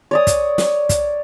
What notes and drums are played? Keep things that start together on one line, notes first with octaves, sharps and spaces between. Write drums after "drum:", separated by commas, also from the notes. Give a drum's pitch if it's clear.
C#5 D5 D#6
drum: kick, hi-hat
drum: snare
drum: kick, hi-hat